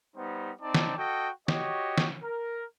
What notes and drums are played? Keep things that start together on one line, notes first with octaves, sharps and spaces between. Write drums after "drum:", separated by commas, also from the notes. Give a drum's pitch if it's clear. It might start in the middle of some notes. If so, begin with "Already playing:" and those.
G3 B3 D#4 C5
C4 D#4 D5 A5
drum: snare
F#4 A4 D#5 G5
F#4 G4 C#5 D#5, drum: snare
drum: snare
A#4